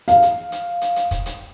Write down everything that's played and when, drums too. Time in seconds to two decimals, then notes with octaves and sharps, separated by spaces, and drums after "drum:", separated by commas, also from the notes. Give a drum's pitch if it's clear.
0.08 F5, drum: hi-hat
0.22 drum: hi-hat
0.52 drum: hi-hat
0.82 drum: hi-hat
0.96 drum: hi-hat
1.11 drum: kick, hi-hat
1.26 drum: hi-hat